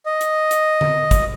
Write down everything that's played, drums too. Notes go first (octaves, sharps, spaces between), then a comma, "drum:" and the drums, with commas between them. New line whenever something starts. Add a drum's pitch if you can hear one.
D#5
drum: hi-hat
drum: hi-hat
drum: tom D3
drum: kick, hi-hat